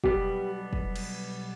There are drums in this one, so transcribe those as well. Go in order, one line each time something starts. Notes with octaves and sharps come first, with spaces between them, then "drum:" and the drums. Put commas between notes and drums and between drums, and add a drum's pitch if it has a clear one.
B1 B2 G3 B3 G4, drum: kick
drum: kick
drum: cymbal